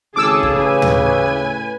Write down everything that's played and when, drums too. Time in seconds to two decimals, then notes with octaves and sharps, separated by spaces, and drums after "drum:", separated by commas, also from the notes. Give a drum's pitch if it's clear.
0.16 G#1 C#3 G#4 A4 A5 D6 E6
0.43 drum: kick
0.54 A1 B4 G#5
0.82 drum: tom
1.30 A2